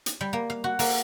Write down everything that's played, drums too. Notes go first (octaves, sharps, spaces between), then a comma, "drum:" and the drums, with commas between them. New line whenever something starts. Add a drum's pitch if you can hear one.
drum: hi-hat
G3
A#3
F5
F#4
A#3, drum: open hi-hat